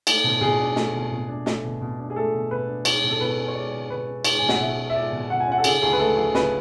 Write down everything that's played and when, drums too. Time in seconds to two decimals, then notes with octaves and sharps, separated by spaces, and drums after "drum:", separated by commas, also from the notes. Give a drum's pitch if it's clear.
0.07 A3, drum: cymbal
0.24 B2
0.41 B2 G#4
0.60 D4
0.76 A3, drum: snare
0.94 B2
1.12 B2
1.28 D4
1.46 A3, drum: snare
1.64 B2
1.81 B2
1.99 D4
2.10 G#4
2.16 A3 A4
2.34 B2
2.51 B2 B4
2.68 D4
2.85 G#3 C#5, drum: cymbal
3.04 B2
3.11 A4
3.21 B2 B4
3.39 C#4
3.48 C#5
3.55 G#3 D5
3.73 B2
3.90 B2 B4
4.08 C#4
4.25 G#3 C#5, drum: cymbal
4.39 B2 G#5
4.49 F#5, drum: snare
4.60 B2 E5
4.78 C#4
4.90 E5
4.95 G#3 D5
5.12 B2
5.30 B2 F#5
5.40 G#5
5.48 C#4 F#5
5.58 A4
5.64 C#3 G#4, drum: cymbal
5.82 D2 G#4
5.93 B4
5.99 A3 A4
6.16 F#3 G#4
6.35 C#3 B4, drum: snare